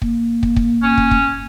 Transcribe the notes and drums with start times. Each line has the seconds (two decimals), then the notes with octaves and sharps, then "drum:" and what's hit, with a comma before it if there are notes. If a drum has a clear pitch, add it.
0.02 A#3, drum: kick
0.43 drum: kick
0.56 drum: kick
0.83 C#4
0.97 drum: kick
1.11 drum: kick